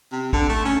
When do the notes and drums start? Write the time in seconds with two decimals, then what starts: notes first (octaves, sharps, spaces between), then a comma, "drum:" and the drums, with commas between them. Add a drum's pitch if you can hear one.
0.12 C3
0.33 D3, drum: kick
0.49 A3
0.65 C#4